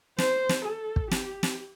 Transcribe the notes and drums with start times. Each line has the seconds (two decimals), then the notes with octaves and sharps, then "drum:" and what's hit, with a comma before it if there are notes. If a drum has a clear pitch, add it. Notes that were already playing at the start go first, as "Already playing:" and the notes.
0.18 C5, drum: snare
0.49 drum: snare
0.65 A4
0.96 drum: kick
1.11 G4, drum: snare
1.43 drum: snare